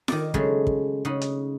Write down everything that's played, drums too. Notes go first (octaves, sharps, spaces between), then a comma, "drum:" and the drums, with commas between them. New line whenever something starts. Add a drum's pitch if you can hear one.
D#3 D5, drum: snare F4
C#3 F#3 G#3 A3, drum: kick
drum: kick
C#3 D#4 F#5
drum: hi-hat